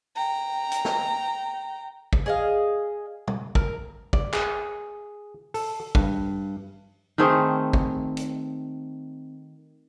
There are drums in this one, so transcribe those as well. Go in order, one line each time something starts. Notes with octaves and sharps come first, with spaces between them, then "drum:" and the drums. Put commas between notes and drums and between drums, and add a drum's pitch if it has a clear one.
G5 A#5
drum: hi-hat
drum: snare
drum: kick
G#4 D#5 F5
drum: tom
A#4, drum: kick
D5, drum: kick
G#4, drum: clap
A4, drum: open hi-hat
G2, drum: kick
D#3 A3 C4 G#4
drum: kick
drum: hi-hat